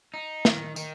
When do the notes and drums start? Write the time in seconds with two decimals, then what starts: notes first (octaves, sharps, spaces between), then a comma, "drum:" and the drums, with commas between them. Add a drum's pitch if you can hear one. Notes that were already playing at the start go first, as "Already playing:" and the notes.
0.14 D#4
0.45 D#3, drum: snare
0.76 D#3, drum: tambourine